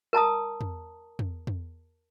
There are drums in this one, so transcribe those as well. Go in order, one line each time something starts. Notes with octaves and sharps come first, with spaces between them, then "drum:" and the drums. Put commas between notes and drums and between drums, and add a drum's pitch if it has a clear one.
A#4 A5 A#5 D#6
drum: tom
drum: tom
drum: tom